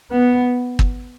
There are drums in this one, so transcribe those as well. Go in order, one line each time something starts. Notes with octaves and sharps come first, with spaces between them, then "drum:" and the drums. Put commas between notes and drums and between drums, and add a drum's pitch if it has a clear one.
B3
drum: kick